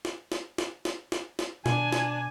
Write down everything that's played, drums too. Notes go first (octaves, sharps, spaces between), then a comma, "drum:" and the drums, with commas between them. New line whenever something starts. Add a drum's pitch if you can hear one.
drum: snare
drum: snare
drum: snare
drum: snare
drum: snare
drum: snare
B2 D4 G#5, drum: snare
drum: snare